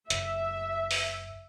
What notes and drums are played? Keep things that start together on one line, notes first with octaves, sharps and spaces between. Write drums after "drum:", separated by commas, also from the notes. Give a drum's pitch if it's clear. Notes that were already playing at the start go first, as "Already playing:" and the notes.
F#1 E5, drum: hi-hat
drum: open hi-hat